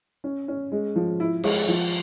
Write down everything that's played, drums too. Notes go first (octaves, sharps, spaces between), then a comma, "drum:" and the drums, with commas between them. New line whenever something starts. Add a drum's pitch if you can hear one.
C#4
C#4
G#3
F3
E4
G#3, drum: cymbal
F3